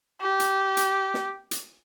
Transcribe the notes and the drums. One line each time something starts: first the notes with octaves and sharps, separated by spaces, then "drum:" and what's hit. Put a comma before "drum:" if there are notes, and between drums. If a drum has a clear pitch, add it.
G4
drum: hi-hat
drum: hi-hat
drum: snare
drum: hi-hat